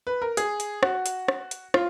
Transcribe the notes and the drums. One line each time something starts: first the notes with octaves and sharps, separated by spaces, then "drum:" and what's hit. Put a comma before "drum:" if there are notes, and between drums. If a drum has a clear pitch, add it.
B4
A#4
G#4, drum: hi-hat
drum: hi-hat
F#4, drum: rim click
drum: hi-hat
drum: rim click
drum: hi-hat
F4, drum: rim click